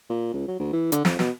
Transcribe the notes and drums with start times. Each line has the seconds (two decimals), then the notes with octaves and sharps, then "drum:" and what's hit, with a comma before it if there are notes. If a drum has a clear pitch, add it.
0.10 A#2
0.33 C#2
0.48 F#3
0.59 D2
0.73 E3
0.92 D3, drum: hi-hat
1.05 F2, drum: snare
1.19 B2, drum: snare